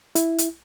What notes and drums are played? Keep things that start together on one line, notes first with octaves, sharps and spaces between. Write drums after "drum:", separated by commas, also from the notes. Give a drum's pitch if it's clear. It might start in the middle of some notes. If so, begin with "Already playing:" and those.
E4, drum: hi-hat
drum: hi-hat